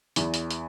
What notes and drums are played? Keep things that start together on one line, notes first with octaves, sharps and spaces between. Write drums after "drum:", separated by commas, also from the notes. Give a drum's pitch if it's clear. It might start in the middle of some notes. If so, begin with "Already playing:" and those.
E2 E3, drum: hi-hat
drum: hi-hat
drum: hi-hat